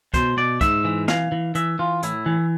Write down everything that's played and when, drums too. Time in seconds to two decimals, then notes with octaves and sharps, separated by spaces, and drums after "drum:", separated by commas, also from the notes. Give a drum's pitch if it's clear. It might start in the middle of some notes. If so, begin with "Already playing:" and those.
0.14 B2 C5, drum: kick, hi-hat
0.37 B2 D5
0.61 G#2 E5, drum: kick, hi-hat
0.85 E3
1.08 E3 F5, drum: snare
1.32 E3
1.55 E3 E5, drum: hi-hat
1.79 E3 F4
2.03 A2 E4, drum: hi-hat
2.26 E3